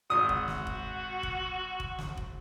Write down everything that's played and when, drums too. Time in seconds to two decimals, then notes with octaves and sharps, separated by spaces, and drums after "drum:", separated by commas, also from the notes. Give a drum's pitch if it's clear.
0.10 G#1 F#4 D#6
0.29 drum: kick F1
0.48 drum: snare
0.67 drum: kick F1
1.23 drum: kick F1
1.80 drum: kick F1
1.99 drum: snare
2.17 drum: kick F1